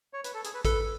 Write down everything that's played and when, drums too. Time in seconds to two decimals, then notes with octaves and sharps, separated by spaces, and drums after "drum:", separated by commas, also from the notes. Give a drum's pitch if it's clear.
0.13 C#5
0.24 B4, drum: hi-hat
0.34 A4
0.44 G#4, drum: hi-hat
0.54 B4
0.65 A4 B4, drum: kick, hi-hat